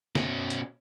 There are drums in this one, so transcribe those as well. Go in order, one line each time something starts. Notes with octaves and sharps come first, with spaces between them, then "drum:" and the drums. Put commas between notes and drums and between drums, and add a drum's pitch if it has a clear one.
B2 C#4, drum: snare
drum: hi-hat